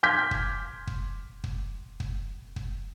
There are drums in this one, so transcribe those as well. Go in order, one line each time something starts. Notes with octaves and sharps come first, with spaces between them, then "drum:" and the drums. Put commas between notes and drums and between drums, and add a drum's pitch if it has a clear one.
C6 D6 F6 G6 G#6 B6
drum: kick
drum: kick
drum: kick
drum: kick
drum: kick